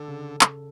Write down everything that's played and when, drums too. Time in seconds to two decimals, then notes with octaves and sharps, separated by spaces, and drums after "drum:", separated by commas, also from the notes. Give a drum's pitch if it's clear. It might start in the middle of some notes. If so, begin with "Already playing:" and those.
Already playing: D3 A4
0.08 C#3
0.41 drum: clap